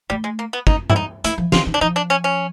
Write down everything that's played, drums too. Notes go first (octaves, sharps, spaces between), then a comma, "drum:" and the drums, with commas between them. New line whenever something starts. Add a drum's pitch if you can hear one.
G3 A3
G#3
A#3
B3
D#4, drum: kick
E4, drum: tom G2
D#4
A3 E4, drum: hi-hat
F3
E3 F4, drum: snare
D#3
D4
F3 D#4
D4
C#4
C#4